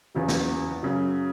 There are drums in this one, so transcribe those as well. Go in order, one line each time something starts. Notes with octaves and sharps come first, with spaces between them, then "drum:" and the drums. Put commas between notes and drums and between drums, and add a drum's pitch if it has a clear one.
E2 C#3 F#3
drum: snare
F#2 C#3 F#3